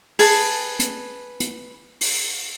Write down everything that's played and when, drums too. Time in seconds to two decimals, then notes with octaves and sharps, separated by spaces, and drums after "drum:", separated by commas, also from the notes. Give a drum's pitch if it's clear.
0.19 G#4 B4 A5, drum: open hi-hat
0.80 drum: hi-hat
1.40 drum: hi-hat
2.01 drum: open hi-hat